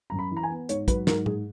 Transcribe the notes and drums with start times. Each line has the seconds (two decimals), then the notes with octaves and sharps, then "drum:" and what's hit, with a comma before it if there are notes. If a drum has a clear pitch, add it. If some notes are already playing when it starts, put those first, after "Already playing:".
0.10 F#2 A#5
0.19 B5
0.31 E3
0.37 A#5
0.43 G#5
0.50 B3
0.69 G#2 C#5, drum: hi-hat
0.88 F#3 B4, drum: kick, hi-hat
1.07 G#2 A#4, drum: snare
1.26 G#2 G#4, drum: tom A2